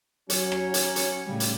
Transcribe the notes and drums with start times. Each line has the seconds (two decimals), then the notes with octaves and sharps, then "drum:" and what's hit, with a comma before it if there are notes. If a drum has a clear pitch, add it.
0.30 F#3 C#4 C#5, drum: hi-hat
0.52 drum: rim click
0.74 drum: hi-hat
0.96 drum: hi-hat
1.26 A2 C#3 G3
1.40 drum: hi-hat